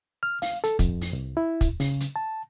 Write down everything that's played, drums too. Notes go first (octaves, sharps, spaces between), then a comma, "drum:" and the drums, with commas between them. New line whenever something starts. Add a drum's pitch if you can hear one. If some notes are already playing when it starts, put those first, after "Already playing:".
F6
F5, drum: open hi-hat
A4, drum: hi-hat
F2, drum: kick, hi-hat
drum: open hi-hat
C2
E4
drum: kick, hi-hat
C#3, drum: open hi-hat
drum: hi-hat
A5